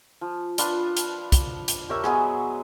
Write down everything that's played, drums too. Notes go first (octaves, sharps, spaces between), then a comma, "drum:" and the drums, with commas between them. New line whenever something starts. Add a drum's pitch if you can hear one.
F3
D4 F4 B4, drum: hi-hat
drum: hi-hat
drum: kick, hi-hat
drum: hi-hat
G4 A#4 C#5 E5
F#3 G#3 B3 G#4, drum: rim click